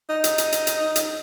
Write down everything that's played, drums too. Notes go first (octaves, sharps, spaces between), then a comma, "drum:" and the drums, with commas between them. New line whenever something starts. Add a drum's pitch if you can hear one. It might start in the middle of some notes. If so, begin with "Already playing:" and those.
D#4
drum: hi-hat
drum: hi-hat
drum: hi-hat
drum: hi-hat
drum: hi-hat